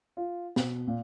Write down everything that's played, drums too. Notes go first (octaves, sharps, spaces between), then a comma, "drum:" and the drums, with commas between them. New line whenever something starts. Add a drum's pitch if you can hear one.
F4
B2, drum: snare
A#2